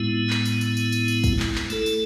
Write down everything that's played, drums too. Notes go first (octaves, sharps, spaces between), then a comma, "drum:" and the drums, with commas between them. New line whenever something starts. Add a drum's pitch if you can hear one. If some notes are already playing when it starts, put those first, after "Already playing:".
Already playing: A2 G#3 B3 E4
drum: clap
drum: tambourine
drum: tambourine
drum: tambourine
drum: tambourine
drum: tambourine
drum: kick, tambourine
drum: clap
drum: clap
A3 E4 A4, drum: tambourine
drum: tambourine